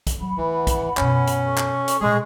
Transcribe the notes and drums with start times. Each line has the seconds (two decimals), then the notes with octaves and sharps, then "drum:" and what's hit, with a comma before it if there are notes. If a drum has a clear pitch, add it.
0.07 drum: kick, hi-hat
0.19 F2 F#3 F#5 B5
0.38 D2 E3
0.67 drum: kick, hi-hat
0.97 F#2 B2 C#4, drum: clap
1.27 drum: hi-hat
1.45 A4 C#6
1.58 drum: clap
1.88 drum: hi-hat
2.01 A#2 G#3 F4 G#4